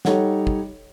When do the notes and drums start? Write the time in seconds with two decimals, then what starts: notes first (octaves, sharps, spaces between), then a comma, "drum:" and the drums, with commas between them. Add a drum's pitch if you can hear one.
0.05 G3 D#4 A4 C#5 F#5, drum: snare
0.47 drum: kick